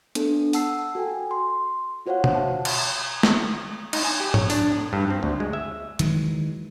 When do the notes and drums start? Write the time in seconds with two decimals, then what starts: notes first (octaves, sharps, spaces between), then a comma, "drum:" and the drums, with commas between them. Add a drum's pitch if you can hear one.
0.15 B3 D4 A4, drum: hi-hat
0.53 F#5 A5 E6 C7, drum: open hi-hat
0.95 F#4 A4 G5 G#5
1.31 C6
2.06 F4 F#4 C5 C#5 F5 F#5
2.24 drum: tom B2
2.34 E5 A5
2.65 drum: cymbal
3.23 drum: snare
3.93 D#4, drum: cymbal
4.05 G#5
4.20 G4
4.34 C#5, drum: tom G#2
4.50 D4, drum: open hi-hat
4.78 A2
4.93 G2
5.10 C4
5.23 D2
5.40 G#3
5.53 E5
5.99 D#3 E3 F#3 G#3, drum: hi-hat